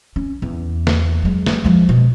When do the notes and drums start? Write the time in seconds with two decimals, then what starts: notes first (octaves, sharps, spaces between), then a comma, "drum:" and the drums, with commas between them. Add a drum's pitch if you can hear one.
0.16 C#4
0.42 E2
0.87 drum: snare
1.22 F#3 G#3
1.46 drum: snare
1.65 F3 G#3
1.89 B2